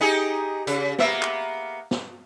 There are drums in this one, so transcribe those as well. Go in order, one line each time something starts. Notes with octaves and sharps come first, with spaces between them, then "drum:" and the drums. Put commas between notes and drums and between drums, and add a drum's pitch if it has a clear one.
D#4 G4 G#4
C#3, drum: hi-hat
A#3 B3 E5, drum: snare
drum: clap
drum: snare